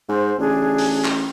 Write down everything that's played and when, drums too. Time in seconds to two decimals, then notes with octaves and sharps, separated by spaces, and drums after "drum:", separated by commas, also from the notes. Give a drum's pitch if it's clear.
0.09 G#2 C5
0.38 A1 D4 G#4
0.78 drum: open hi-hat
1.04 drum: clap